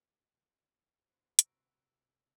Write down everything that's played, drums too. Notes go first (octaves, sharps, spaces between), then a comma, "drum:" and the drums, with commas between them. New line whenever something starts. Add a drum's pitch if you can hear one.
F#4 B4 C5
C3 A#5 C#6 E6 A#6 D7, drum: hi-hat